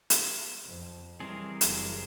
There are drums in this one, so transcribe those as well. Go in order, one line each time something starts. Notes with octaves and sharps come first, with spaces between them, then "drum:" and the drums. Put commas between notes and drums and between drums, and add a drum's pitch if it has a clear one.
drum: hi-hat
F2
E3 G3 C4 G#4 A#4
F#1, drum: hi-hat